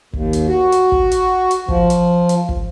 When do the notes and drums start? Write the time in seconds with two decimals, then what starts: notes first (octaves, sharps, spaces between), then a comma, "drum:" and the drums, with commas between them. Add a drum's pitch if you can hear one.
0.13 D#2, drum: kick
0.33 drum: hi-hat
0.48 F#4
0.72 drum: hi-hat
0.92 drum: kick
1.11 drum: hi-hat
1.51 drum: hi-hat
1.68 F3, drum: kick
1.90 drum: hi-hat
2.29 drum: hi-hat
2.49 drum: kick